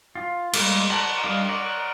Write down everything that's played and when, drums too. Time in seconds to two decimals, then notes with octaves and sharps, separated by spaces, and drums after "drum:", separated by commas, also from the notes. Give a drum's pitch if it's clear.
0.15 F4
0.53 G3 G#3 A#3, drum: cymbal
0.90 A#4 C#5 D5 F#5 A5
1.23 G3 D4 D5 D#5 F5
1.49 A#4 C#5 D5 F#5